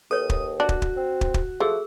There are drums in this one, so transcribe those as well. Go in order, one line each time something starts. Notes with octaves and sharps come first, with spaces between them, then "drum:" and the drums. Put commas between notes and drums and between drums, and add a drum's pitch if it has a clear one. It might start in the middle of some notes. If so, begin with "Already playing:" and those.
D#2 A4 B4 C#5 D#6
drum: kick
D4 F#4
drum: kick
drum: kick
C4
drum: kick
drum: kick
F3 A3 G#4 A4 E6